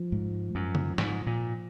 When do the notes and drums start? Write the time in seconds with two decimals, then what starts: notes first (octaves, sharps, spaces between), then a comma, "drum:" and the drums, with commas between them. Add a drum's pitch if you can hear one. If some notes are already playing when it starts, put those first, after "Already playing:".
Already playing: F3
0.12 G#2
0.55 F#2
0.75 drum: tom C#3
0.98 G#2, drum: snare
1.27 A#2